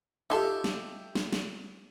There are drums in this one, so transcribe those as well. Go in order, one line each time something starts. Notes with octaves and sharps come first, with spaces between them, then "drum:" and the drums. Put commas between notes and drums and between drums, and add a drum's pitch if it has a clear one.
D#4 F4 G4 A4 E5
drum: snare
drum: snare
drum: snare